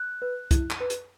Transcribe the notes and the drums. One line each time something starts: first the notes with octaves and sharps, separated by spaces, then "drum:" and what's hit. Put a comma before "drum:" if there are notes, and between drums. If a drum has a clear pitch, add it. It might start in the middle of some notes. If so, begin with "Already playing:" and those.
Already playing: F#6
B4
E4, drum: kick, hi-hat
drum: clap
B4
drum: hi-hat